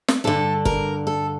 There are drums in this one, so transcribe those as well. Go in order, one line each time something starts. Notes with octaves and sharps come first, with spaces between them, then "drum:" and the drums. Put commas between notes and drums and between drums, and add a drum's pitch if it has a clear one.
drum: snare
G2 D3 A4
A#4, drum: kick G1
A4